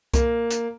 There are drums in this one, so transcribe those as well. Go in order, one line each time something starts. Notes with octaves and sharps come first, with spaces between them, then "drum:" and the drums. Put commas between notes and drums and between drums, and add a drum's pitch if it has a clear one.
A#3, drum: kick C2, hi-hat
drum: hi-hat